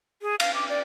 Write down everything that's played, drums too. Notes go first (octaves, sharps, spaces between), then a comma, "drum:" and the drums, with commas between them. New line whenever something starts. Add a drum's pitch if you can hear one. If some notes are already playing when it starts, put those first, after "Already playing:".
G#4
F5, drum: cymbal
D6
D5